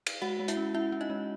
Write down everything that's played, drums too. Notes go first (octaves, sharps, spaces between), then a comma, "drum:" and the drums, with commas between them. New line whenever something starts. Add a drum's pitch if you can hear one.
drum: cymbal
G#3 F#4 F#5
G#3
E4 E5, drum: hi-hat
C#4
C#4 E4 E5
C#4
D#4 D#5
G#3